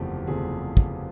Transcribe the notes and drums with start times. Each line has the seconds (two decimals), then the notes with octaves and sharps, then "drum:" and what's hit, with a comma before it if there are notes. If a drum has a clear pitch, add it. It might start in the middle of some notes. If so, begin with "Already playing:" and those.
Already playing: F#1 E2 C3 F3 A3 G4
0.27 F#1 E2 C3 F3 A3 G#4
0.77 drum: kick